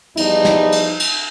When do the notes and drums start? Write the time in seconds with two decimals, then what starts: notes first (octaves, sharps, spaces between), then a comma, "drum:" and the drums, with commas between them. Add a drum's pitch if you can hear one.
0.17 E2 F3 G3 D#4, drum: cymbal
0.45 drum: snare
0.72 drum: cymbal
1.00 drum: cymbal